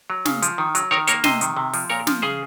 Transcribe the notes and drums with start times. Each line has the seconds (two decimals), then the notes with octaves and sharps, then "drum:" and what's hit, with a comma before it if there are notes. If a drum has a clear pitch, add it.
0.10 F#3
0.25 C#3, drum: snare
0.42 F3, drum: hi-hat
0.58 D#3
0.75 F#3, drum: hi-hat
0.91 D#3 A#4 C#5
1.07 A#3 A#4 C#5, drum: hi-hat
1.24 C3 C5 D#5, drum: snare
1.41 D#3, drum: hi-hat
1.57 C3
1.74 F3, drum: open hi-hat
1.90 A#2 A#4 C#5
2.07 F3, drum: snare
2.22 C#3 G#4 C5